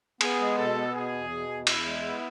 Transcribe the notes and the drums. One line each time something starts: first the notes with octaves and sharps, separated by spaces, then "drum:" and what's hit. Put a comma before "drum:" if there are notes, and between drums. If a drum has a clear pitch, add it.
B3 G#4, drum: cymbal
G#3
B2 A4
B3
B2 G#4
E2
B2
E2
E2 E4, drum: cymbal
G#3
B3